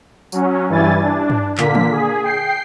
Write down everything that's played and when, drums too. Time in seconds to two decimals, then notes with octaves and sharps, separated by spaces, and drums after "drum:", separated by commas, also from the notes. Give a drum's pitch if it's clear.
0.32 F#3 C#4, drum: tambourine
0.69 G2 E3 G3 E4 G#5 A6
1.02 D4
1.30 drum: tom
1.58 A#2 D3 A#3 B6, drum: clap
1.75 drum: tom
1.92 G#4
2.23 G5 C7